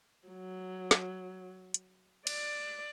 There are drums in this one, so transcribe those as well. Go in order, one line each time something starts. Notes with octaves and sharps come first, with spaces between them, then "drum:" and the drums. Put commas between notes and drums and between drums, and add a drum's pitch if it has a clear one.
F#3
drum: snare
drum: hi-hat
D5, drum: cymbal